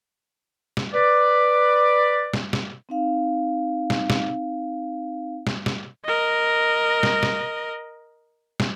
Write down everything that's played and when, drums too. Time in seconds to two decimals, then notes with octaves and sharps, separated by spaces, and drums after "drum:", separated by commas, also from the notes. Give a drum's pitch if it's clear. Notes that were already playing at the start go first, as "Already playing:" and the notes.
0.77 drum: snare
0.94 B4 D5
2.33 drum: snare
2.53 drum: snare
2.89 C4 D#4 F5
3.90 drum: snare
4.10 drum: snare
5.47 drum: snare
5.66 drum: snare
6.05 A#4 D#5
7.03 drum: snare
7.23 drum: snare
8.60 drum: snare